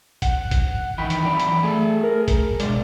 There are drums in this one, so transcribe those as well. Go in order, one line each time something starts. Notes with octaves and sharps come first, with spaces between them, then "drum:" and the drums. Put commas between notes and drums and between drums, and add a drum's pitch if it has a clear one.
F#5, drum: kick, hi-hat
drum: kick, hi-hat
D#3 E3 G5 B5
drum: hi-hat
F#2 E3 D5
drum: hi-hat
A3 G#4 G5 A5
A#4
drum: kick, hi-hat
B2 G#3 D5, drum: hi-hat